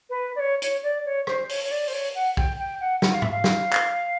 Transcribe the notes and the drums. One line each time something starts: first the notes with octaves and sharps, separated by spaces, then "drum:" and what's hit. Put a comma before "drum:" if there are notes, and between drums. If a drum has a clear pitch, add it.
B4
D5
C#5
C#5, drum: hi-hat
D5
C#5
C5, drum: rim click
C#5, drum: open hi-hat
C#5
D5
C5, drum: open hi-hat
C#5
F#5
G5, drum: kick
G5
F#5
F#5, drum: snare
F5
E5, drum: tom
F5
drum: snare
drum: clap